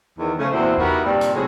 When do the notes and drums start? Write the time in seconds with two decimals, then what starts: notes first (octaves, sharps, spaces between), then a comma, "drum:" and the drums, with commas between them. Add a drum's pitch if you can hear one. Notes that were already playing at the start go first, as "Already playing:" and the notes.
0.18 E2 D#3
0.38 C#3 F3 A3
0.51 E2 A#2 C4 E4 F#4 C5
0.78 B3 D#4 E4 F#4 G4 A#4, drum: tom E2
1.04 G2 A#2 D#3 G3 C4
1.21 drum: hi-hat
1.34 A2 C3 F#3 F#4 G#4